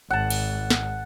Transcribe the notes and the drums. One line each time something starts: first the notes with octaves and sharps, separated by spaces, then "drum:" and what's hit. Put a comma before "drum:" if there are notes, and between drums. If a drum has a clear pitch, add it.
G#1 F#5 A5
drum: cymbal
drum: snare